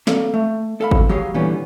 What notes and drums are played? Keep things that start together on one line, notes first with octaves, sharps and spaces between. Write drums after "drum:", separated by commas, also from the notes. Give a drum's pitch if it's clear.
A#3 C4 A4 D5 F5, drum: snare
A3
A4 F5 B5
drum: kick G1
F#3 G4 G#4 C#5 F5
A#2 D3 E3 G3 B3 C#4